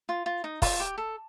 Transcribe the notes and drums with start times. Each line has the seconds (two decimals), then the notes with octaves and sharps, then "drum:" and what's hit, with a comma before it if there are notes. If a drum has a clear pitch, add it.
0.09 F4
0.26 F4
0.44 D#4
0.62 F4, drum: kick, open hi-hat
0.80 G4
0.98 A4